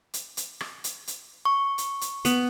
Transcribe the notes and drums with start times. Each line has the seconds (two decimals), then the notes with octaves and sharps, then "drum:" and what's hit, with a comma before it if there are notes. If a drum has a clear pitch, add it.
0.14 drum: hi-hat
0.37 drum: hi-hat
0.60 drum: rim click
0.84 drum: hi-hat
1.07 drum: hi-hat
1.45 C#6
1.78 drum: hi-hat
2.01 drum: hi-hat
2.25 B3, drum: hi-hat